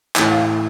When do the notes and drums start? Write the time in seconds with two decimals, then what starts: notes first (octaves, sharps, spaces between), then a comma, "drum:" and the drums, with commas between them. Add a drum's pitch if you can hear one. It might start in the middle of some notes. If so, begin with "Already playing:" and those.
0.16 A2 E3 G#5, drum: clap
0.31 F5